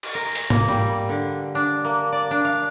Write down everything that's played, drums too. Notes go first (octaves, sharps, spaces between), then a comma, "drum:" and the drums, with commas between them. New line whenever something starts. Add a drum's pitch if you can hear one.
drum: cymbal
A#4
drum: hi-hat
A#3, drum: tom G#2
G3
D3
D4
A#3
D5
D4
F5